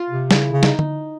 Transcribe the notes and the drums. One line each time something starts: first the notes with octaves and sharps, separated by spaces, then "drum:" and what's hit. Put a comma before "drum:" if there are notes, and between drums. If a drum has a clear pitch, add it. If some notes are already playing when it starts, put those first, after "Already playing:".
Already playing: F4
C3
C#3 E4, drum: snare
C#3
D#4, drum: snare
drum: tom D3